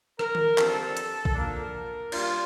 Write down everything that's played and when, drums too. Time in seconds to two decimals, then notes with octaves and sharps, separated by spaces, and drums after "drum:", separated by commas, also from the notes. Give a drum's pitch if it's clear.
0.19 A#4, drum: rim click
0.35 drum: tom D#3
0.58 G2 D3 F3 C4 A4, drum: clap
0.97 drum: hi-hat
1.25 drum: kick A#1
1.35 D3 F3 A#3 D4 A#4
2.12 G3 A#3 D4 F4, drum: cymbal